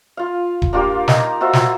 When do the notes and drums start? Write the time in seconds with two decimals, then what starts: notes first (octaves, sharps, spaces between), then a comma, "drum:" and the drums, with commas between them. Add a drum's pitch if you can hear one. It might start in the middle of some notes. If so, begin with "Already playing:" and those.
0.17 F4 F5
0.62 drum: kick D#1
0.73 A#3 D4 F4 G4
1.08 D#4 A#5, drum: snare
1.41 F4 F#4 C5 E5
1.53 drum: snare